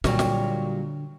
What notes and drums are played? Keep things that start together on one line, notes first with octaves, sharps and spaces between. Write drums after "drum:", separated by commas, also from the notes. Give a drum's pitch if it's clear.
A#2 D3 F#3 G3, drum: snare
drum: snare